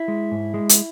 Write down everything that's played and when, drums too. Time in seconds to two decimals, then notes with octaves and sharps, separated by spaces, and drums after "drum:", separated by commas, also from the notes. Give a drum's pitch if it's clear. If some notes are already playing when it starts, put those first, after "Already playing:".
Already playing: E4
0.08 G#3
0.32 G#2
0.54 G#3
0.69 drum: hi-hat